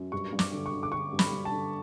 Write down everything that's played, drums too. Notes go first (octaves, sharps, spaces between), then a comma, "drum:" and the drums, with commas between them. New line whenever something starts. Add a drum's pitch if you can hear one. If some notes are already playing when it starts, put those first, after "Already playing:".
Already playing: F#2
G2 C#6
G2
D6, drum: snare
D3
C#6
D3
D6
D3 C#6
G2
B5, drum: snare
G2
A5
D3